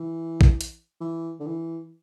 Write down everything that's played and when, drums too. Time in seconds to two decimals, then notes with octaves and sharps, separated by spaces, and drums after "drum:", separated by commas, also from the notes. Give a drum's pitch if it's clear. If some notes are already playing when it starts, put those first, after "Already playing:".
Already playing: E3
0.41 drum: kick
0.61 drum: hi-hat
1.01 E3
1.40 D3
1.47 E3